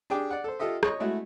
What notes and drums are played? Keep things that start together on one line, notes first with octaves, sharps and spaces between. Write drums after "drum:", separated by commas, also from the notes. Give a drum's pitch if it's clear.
D4 G4 G#4 G5 D6
D5 F#5
A4 C5
F4 G4 A4 D#5 E5
C#5 D#5 C#6, drum: rim click
G#3 A3 E4 F#4